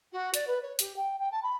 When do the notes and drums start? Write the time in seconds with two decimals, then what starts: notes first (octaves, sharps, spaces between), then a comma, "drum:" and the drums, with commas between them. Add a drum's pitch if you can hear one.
0.12 F#4
0.34 D5, drum: hi-hat
0.47 B4
0.62 C#5
0.79 G4, drum: hi-hat
0.96 G5
1.18 G5
1.31 A5
1.43 B5